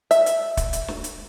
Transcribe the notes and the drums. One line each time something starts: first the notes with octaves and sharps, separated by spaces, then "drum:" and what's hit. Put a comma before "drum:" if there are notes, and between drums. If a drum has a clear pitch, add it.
E5, drum: hi-hat
drum: hi-hat
drum: kick, hi-hat
drum: hi-hat
drum: snare
drum: hi-hat